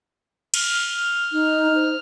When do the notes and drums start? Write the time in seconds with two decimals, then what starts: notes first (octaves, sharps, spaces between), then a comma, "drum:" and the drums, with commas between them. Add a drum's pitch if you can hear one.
0.54 F6, drum: cymbal
1.32 D#4 F6
1.75 C5